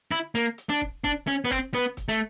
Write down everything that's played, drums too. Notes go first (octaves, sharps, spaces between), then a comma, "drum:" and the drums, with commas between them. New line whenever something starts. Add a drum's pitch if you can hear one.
E4
A#3
drum: hi-hat
D4
drum: kick
D4, drum: kick
C#4
B3
C4, drum: kick, hi-hat
B3
drum: kick, hi-hat
A3